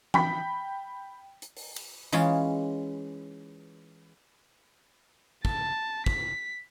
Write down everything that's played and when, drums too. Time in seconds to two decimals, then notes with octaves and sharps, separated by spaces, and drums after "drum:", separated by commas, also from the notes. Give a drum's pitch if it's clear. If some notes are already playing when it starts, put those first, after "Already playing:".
0.14 G5 B5 B6, drum: tom E3
1.42 drum: hi-hat
1.57 drum: open hi-hat
1.76 drum: cymbal
2.12 E3 G#3 C#4 F4, drum: tambourine
5.45 A5, drum: kick
6.06 B6, drum: kick